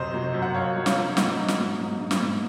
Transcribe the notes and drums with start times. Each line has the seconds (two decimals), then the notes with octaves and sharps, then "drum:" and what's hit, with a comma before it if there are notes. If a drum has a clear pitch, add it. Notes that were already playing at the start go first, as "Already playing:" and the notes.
Already playing: F#2 C3 C5 D#5
0.14 F#3
0.34 F#2
0.42 F#5
0.54 F#2 C#5 F5
0.76 F#3
0.86 C#5 F5, drum: snare
0.97 F#3
1.17 G#2 D#5 F#5, drum: snare
1.38 F#3
1.48 drum: snare
1.59 G#2
1.80 G#2
2.00 G#2
2.11 drum: snare
2.22 G#2